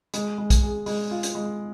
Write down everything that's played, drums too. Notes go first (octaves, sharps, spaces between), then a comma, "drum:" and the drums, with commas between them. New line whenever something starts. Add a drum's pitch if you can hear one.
G#3, drum: hi-hat
G#3
drum: kick, hi-hat
G#4
G#3, drum: open hi-hat
F4
drum: hi-hat
G#3